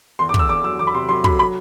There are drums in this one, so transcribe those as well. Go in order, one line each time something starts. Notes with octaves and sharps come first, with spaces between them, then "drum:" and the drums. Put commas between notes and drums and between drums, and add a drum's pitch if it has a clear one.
E2 C6
D6
E2, drum: kick
E6
E2 D6
F#3 E6
E2 D6
B5
C3 C6
F#3 C6
F#3 B5, drum: kick
B5